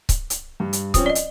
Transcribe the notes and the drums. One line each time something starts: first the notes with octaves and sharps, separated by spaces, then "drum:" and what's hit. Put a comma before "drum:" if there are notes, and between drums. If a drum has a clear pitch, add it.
drum: kick C#1, hi-hat
drum: hi-hat
G2
drum: hi-hat
F3 C4 C#4 D#6, drum: kick C#1, hi-hat
D5 D#5 G7
drum: hi-hat